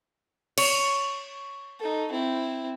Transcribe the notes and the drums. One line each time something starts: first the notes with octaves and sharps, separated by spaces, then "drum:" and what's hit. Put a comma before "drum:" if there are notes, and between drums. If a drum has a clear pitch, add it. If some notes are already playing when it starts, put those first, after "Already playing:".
C#5, drum: cymbal
D#4 A4
C4 E4